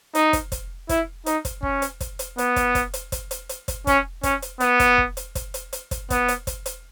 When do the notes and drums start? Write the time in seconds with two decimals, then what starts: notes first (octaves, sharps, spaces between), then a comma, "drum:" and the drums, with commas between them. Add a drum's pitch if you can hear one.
0.15 D#4, drum: hi-hat
0.33 drum: kick, hi-hat
0.52 drum: kick, hi-hat
0.89 E4, drum: kick, hi-hat
1.26 D#4, drum: hi-hat
1.45 drum: kick, hi-hat
1.63 C#4, drum: kick
1.82 drum: hi-hat
2.00 drum: kick, hi-hat
2.19 drum: hi-hat
2.38 B3, drum: hi-hat
2.56 drum: kick, hi-hat
2.75 drum: kick, hi-hat
2.94 drum: hi-hat
3.12 drum: kick, hi-hat
3.31 drum: hi-hat
3.49 drum: hi-hat
3.68 drum: kick, hi-hat
3.87 C#4, drum: kick, hi-hat
4.23 C#4, drum: kick, hi-hat
4.42 drum: hi-hat
4.60 B3, drum: hi-hat
4.80 drum: kick, hi-hat
4.98 drum: kick
5.17 drum: hi-hat
5.35 drum: kick, hi-hat
5.54 drum: hi-hat
5.73 drum: hi-hat
5.91 drum: kick, hi-hat
6.10 B3, drum: kick, hi-hat
6.28 drum: hi-hat
6.47 drum: kick, hi-hat
6.66 drum: hi-hat